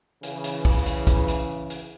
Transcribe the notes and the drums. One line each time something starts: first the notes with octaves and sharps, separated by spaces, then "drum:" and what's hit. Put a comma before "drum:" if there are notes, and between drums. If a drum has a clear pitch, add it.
C#3 E3, drum: hi-hat
drum: hi-hat
drum: kick, open hi-hat
drum: hi-hat
drum: kick, hi-hat
drum: hi-hat
drum: hi-hat